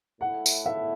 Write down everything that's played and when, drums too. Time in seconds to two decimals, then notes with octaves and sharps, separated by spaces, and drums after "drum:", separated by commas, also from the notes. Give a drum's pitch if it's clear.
0.20 A2 A3 E4 A4 F#5
0.46 drum: tambourine
0.66 E5